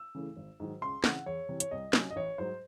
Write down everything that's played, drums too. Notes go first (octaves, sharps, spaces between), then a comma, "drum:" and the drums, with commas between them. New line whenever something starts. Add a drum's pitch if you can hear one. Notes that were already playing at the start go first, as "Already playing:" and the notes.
Already playing: E6
C#3 E3 A3
G#1
G#2 D#3 F#3
C#2 C6
C#3 E3 C4 F#5, drum: snare
E2 C#5
C3 E3
C#5, drum: hi-hat
C2 D#5
C3 F#3 C#4, drum: snare
D#5
A1 C#5
G#2 F#3 C5